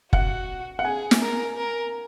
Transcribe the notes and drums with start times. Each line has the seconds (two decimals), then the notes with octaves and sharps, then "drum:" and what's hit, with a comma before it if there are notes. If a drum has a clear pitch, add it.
0.13 F#4 F#5, drum: kick F#1
0.79 F#5
0.84 G#4 G#5
1.11 drum: snare
1.21 A#4
1.57 A#4